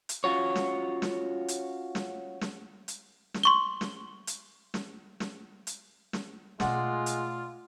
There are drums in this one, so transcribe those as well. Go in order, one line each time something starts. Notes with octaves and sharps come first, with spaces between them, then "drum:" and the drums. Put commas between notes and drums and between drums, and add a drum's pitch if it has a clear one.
drum: hi-hat
C#4 F4 F#4 C#5
drum: snare
drum: snare
drum: hi-hat
drum: snare
drum: snare
drum: hi-hat
drum: snare
C6 C#6 G7
drum: snare
drum: hi-hat
drum: snare
drum: snare
drum: hi-hat
drum: snare
B2 G#3 A3 F4 D5 F#5, drum: snare
drum: hi-hat